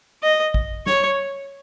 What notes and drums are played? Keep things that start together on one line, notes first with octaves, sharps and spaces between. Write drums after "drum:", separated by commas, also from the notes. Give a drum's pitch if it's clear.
D#5
drum: kick A1
C#5, drum: snare